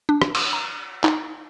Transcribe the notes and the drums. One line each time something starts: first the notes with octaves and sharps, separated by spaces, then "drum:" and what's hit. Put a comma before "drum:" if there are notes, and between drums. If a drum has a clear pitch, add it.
D4
drum: rim click
C6, drum: cymbal
A#5
D#4, drum: clap